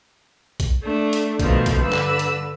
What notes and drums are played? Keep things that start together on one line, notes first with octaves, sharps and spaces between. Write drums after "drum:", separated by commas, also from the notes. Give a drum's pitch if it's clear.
drum: kick, hi-hat
A3 D4
drum: hi-hat
B2 D#3 F3 A3 B3, drum: kick, hi-hat
drum: kick, hi-hat
G2 D3 B4 E6
drum: clap
drum: hi-hat